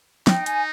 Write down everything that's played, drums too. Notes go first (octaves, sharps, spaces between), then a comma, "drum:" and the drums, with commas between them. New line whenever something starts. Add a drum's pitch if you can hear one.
D#4 G5, drum: snare
G#5, drum: hi-hat